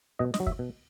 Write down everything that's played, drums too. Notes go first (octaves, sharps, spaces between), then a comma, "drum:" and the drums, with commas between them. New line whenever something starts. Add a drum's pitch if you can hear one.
B2 D#5
D#5, drum: snare
F#3
E5, drum: kick
B2